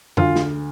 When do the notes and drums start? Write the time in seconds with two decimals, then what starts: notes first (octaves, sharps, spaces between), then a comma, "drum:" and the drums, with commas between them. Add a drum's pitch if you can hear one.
0.17 D2 F4, drum: tom F2
0.36 drum: snare